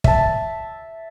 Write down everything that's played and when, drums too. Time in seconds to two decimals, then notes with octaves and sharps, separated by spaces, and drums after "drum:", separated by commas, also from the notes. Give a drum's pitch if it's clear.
0.04 E5 A5, drum: kick